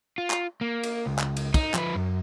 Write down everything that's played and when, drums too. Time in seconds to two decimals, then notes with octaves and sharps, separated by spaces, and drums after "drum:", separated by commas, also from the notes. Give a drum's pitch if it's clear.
0.18 F4
0.30 drum: clap
0.61 A#3
0.83 drum: cymbal
1.06 C#2
1.19 drum: clap
1.37 drum: cymbal
1.54 D#4, drum: kick, cymbal
1.74 F3 B4, drum: clap
1.95 F#2